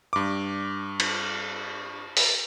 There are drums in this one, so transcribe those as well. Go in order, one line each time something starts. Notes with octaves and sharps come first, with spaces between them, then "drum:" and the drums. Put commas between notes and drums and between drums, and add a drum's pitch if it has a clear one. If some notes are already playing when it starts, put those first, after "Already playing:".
G2 D6
drum: cymbal
drum: open hi-hat